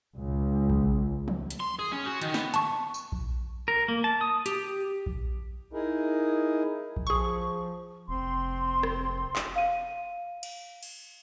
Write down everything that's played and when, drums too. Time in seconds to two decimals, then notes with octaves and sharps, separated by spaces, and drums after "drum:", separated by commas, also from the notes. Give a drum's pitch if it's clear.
0.18 C#2
0.70 drum: kick A#1
1.28 drum: tom
1.50 drum: hi-hat
1.60 C6
1.79 G#4
1.92 C#4
2.06 F#4
2.22 D#3, drum: hi-hat
2.34 B3, drum: snare
2.54 A5 C#6, drum: hi-hat
2.94 drum: tambourine
3.12 drum: kick A#1
3.68 A#4
3.88 A#3
4.04 A5
4.21 D#6
4.46 G4, drum: hi-hat
5.06 drum: kick A#1
5.73 D#4 E4 G#4 A#4
6.97 drum: kick A#1
7.07 F3 G#4 C#6
8.08 F1 C4 C6
8.83 drum: rim click
9.36 drum: clap
9.56 F5 D#7
10.43 drum: cymbal
10.83 drum: cymbal